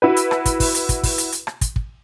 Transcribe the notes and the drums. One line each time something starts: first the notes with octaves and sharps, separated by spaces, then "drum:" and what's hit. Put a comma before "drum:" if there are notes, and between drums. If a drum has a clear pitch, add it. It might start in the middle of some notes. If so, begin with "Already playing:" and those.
E4 F#4 B4
drum: hi-hat
drum: rim click
drum: kick, hi-hat
drum: kick, open hi-hat
drum: hi-hat
drum: kick, hi-hat
drum: kick, open hi-hat
drum: hi-hat
drum: hi-hat
drum: rim click
drum: kick, hi-hat
drum: kick